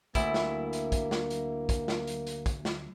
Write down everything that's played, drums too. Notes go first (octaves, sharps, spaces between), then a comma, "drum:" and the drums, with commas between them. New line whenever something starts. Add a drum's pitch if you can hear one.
D2 A#3 E4, drum: kick, hi-hat
drum: snare
drum: hi-hat
drum: kick, hi-hat
drum: snare
drum: hi-hat
drum: kick, hi-hat
drum: snare
drum: hi-hat
drum: hi-hat
drum: kick, hi-hat
drum: snare